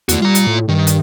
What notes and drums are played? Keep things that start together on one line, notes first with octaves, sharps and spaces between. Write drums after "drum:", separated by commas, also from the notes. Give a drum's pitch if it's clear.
E2 A3 F#4, drum: hi-hat
G3 F4 A#5
drum: hi-hat
A2
G2 D#3
drum: hi-hat